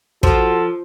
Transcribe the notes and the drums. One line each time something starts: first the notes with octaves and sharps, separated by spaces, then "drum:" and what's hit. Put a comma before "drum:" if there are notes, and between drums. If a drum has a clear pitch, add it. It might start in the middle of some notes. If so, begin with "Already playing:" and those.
F3 F#4 A4, drum: kick